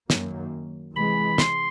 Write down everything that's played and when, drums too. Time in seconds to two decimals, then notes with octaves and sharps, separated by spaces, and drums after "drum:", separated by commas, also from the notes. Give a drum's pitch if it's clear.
0.10 F#2 D#3 F#3 A#3, drum: snare
0.96 C3 E3 G#3 B5
1.38 C6, drum: snare